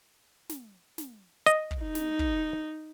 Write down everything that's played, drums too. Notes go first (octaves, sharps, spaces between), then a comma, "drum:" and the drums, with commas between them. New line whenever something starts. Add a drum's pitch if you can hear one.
drum: snare
drum: snare
D#5, drum: hi-hat
drum: kick
D#4
drum: snare
drum: kick